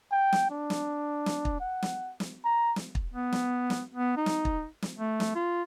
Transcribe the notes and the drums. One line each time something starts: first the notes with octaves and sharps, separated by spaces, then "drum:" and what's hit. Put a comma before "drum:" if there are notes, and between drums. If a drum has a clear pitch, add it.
G5
drum: snare
D4
drum: snare
drum: snare
drum: kick
F#5
drum: snare
drum: snare
A#5
drum: snare
drum: kick
B3
drum: snare
drum: snare
B3
D#4
drum: snare
drum: kick
drum: snare
A3
drum: snare
F4